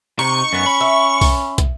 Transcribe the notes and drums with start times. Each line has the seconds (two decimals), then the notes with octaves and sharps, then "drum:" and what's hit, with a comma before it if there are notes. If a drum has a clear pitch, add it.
0.19 C3 D#4 C#6
0.53 F#2 B3 C#4
0.66 B5
0.81 E5
1.21 drum: kick, open hi-hat
1.58 drum: kick, hi-hat